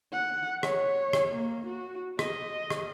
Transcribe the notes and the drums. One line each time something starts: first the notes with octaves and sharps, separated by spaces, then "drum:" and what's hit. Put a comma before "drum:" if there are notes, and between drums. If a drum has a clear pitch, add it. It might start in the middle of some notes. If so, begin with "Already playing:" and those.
F#5
C#5, drum: rim click
drum: rim click
A#3
F#4
D#5, drum: rim click
drum: rim click